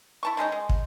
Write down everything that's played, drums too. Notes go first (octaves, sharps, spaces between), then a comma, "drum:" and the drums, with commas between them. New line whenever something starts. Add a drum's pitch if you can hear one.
E4 A5 C#6
D#3 G#3 C#4 D#4
G#3
drum: kick